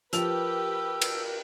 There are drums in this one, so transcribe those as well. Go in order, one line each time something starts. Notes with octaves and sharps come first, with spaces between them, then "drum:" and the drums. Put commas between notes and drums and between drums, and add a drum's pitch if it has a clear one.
F3 G4 A#4 B4 E6 F7, drum: hi-hat
drum: cymbal